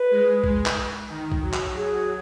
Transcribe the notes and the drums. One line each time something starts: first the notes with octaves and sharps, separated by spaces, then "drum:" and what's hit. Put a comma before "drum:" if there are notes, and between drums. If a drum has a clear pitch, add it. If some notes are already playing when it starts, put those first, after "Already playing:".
Already playing: B4
G#3
G#3, drum: kick
drum: clap
D#3
drum: kick
F#3
drum: clap
G#4